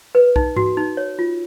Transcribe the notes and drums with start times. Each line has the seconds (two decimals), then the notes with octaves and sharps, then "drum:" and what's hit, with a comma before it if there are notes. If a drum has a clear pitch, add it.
0.15 B4
0.36 D#4, drum: kick B1
0.56 F#4, drum: tom G#2
0.77 D#4
0.97 C#5
1.19 F4